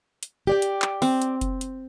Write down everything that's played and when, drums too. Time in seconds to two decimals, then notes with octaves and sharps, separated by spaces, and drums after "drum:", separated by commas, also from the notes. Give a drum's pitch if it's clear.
0.23 drum: hi-hat
0.47 G4 D5 G5
0.62 drum: hi-hat
0.82 drum: clap
1.02 C4, drum: open hi-hat
1.22 drum: hi-hat
1.41 drum: kick F#1, hi-hat
1.61 drum: hi-hat